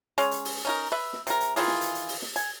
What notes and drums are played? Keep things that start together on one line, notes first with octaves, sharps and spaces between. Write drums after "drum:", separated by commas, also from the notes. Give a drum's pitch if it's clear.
G#3 C#4, drum: hi-hat
drum: hi-hat
drum: open hi-hat
C#4 D#4 A#4
B4 E5
drum: snare
C3 A#4, drum: hi-hat
drum: hi-hat
D#3 E3 F4 G#4, drum: open hi-hat
drum: snare
drum: hi-hat
drum: hi-hat
drum: open hi-hat
drum: snare
G#5, drum: hi-hat